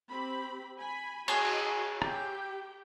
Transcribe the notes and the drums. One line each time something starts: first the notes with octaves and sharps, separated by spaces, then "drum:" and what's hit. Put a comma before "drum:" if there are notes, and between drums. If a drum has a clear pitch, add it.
C4 G4 B5
G#5 B5
F#4 G#4 C#5 D#5, drum: cymbal
drum: cymbal
G4 G5, drum: rim click